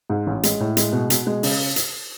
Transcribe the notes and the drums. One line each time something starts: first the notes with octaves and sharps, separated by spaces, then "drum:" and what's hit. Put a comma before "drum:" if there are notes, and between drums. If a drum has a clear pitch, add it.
G#2
A1
G#3, drum: hi-hat
A2
G#3, drum: hi-hat
B2
B2, drum: hi-hat
G#3
C#3, drum: open hi-hat
drum: hi-hat